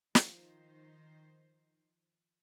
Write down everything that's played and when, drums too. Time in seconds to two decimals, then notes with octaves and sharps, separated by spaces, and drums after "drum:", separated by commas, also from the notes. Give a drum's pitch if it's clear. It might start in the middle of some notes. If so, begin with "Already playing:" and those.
0.15 D#3 F3 D#4 C5, drum: snare